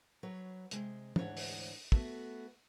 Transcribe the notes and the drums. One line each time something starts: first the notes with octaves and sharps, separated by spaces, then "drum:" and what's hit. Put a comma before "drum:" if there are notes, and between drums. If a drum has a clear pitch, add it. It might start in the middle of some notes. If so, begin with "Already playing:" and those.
F#3 B4 C#5
C3 G#3, drum: hi-hat
D2 G#2 E3 C#5 D5 F#5, drum: tom
drum: open hi-hat
A3 B3 F#4, drum: kick